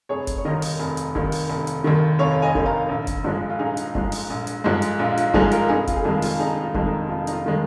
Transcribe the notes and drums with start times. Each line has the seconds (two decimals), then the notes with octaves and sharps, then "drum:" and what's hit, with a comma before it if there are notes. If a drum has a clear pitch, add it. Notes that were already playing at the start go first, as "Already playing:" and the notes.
0.09 F1 G#4 C#5
0.27 drum: kick F1, hi-hat
0.38 C#5
0.45 D#2 D#3 A#4 D#5
0.62 drum: open hi-hat
0.80 F1
0.97 drum: hi-hat
1.15 D#2 D#3, drum: kick F1
1.32 drum: open hi-hat
1.50 F1
1.67 drum: hi-hat
1.84 D#2 D#3
2.19 F1 C#5 F5
2.42 D#5 G#5
2.55 D#2 D#3, drum: kick F1
2.66 F5 A#5
2.89 A#1
3.07 drum: kick F1, hi-hat
3.24 G#2 F3 G#3
3.50 F4
3.59 A#1 D#4 G#4
3.77 drum: hi-hat
3.95 G#2 F3 G#3, drum: kick F1
4.12 drum: open hi-hat
4.30 A#1
4.47 drum: hi-hat
4.64 G#2 F3 G#3
4.82 drum: hi-hat
4.99 A#1 F4
5.17 F4, drum: hi-hat
5.34 G#2 F3 G#3 D#4 G#4, drum: kick F1
5.51 F4 A#4, drum: hi-hat
5.69 F1 D#4 G#4
5.87 F4, drum: kick F1, hi-hat
5.96 G#4
6.04 F2 D#3 G#3 F4
6.22 F4, drum: open hi-hat
6.39 F1 D#4 G#4
6.63 F4
6.74 F2 D#3 G#3, drum: kick F1
6.86 D#4
7.09 F1 F4
7.27 D#4, drum: hi-hat
7.32 F4
7.46 D#3 G#3